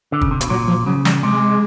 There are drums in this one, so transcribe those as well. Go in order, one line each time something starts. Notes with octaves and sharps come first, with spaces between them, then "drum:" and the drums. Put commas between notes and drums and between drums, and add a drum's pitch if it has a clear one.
D3
C#3, drum: kick
C3
B2, drum: hi-hat
A#2 F#3
F3
C#3 F#3
G3, drum: snare
C3 G#3